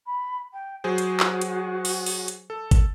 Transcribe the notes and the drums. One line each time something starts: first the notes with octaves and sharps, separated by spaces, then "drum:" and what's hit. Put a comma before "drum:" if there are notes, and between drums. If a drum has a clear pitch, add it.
B5
G5
F#3 F#4 G#4 C5
drum: hi-hat
drum: clap
drum: hi-hat
drum: open hi-hat
drum: open hi-hat
drum: hi-hat
A4
drum: kick, hi-hat